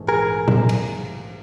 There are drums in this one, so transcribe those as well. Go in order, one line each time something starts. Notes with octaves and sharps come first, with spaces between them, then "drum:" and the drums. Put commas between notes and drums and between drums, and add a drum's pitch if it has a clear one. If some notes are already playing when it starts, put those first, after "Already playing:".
Already playing: A#1 G#2 E3 A3 C#4
G#4 A#4
drum: tom A#2
drum: cymbal